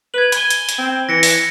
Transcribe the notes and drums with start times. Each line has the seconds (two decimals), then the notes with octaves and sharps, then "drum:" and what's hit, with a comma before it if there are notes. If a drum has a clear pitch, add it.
0.14 B4 G#6 F#7
0.32 G#5 B5 G7, drum: hi-hat
0.50 drum: hi-hat
0.69 drum: hi-hat
0.78 C4
1.09 E3 A#6 C#7 D7
1.23 drum: open hi-hat